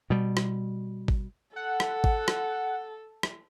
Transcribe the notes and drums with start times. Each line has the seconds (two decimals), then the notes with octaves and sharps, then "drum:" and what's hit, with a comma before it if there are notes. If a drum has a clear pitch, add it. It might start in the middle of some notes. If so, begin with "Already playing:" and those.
0.10 B2 G3
0.37 drum: rim click
1.08 drum: kick G#1
1.56 A4 F#5
1.80 drum: rim click
2.04 drum: kick G#1
2.28 drum: rim click
3.23 drum: rim click